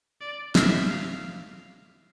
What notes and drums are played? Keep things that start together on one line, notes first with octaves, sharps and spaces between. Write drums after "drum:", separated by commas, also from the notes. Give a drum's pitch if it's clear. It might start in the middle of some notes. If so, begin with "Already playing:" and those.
D5
E5, drum: snare
F5